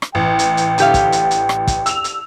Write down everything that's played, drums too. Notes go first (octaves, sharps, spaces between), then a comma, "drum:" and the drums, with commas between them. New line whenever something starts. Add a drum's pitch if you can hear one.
drum: rim click
A1 G5
drum: hi-hat
drum: hi-hat
D3 G4 F5, drum: hi-hat
drum: kick, hi-hat
drum: hi-hat
drum: hi-hat
drum: rim click
drum: kick, hi-hat
E6 F7, drum: hi-hat
drum: hi-hat